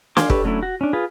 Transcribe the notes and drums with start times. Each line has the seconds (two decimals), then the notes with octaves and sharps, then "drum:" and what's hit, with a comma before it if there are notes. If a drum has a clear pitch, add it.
0.17 F5 G#5 C6 D6, drum: snare
0.30 G4 A4 B4 C#5, drum: kick
0.44 F#3 A3 C#4 D4 E4
0.63 F#4
0.81 C#4 D4
0.93 F4 G#4 B4